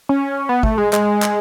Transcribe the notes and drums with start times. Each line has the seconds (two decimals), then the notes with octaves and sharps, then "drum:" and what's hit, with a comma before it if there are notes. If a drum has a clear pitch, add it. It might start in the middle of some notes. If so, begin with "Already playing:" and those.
0.09 C#4
0.49 B3
0.63 A3, drum: kick
0.78 G#3
0.93 G#3, drum: clap
1.22 drum: clap